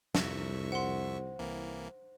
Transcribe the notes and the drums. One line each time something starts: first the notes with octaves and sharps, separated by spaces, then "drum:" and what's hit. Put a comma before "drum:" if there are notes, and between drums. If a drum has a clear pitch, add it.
C2 F2 E5 C#6, drum: snare
C5 F#5 C6
C2 E3 A#3